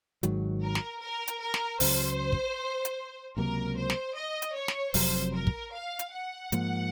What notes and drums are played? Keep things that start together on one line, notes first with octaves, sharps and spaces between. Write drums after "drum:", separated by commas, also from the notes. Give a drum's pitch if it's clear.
G#1 G#2 D#3 F#3, drum: hi-hat
A#4
drum: snare
A#4
drum: hi-hat
A#4
drum: snare
C#2 C#3 F#3 C5, drum: open hi-hat
drum: kick
drum: hi-hat
C#2 C3 F#3 A#3 A#4
C5
drum: snare
D#5
drum: hi-hat
C#5
drum: snare
F1 F2 C3 F#3 C5, drum: open hi-hat
A#4
drum: kick
F5
drum: hi-hat
F#5
G#2 F3 A#3, drum: hi-hat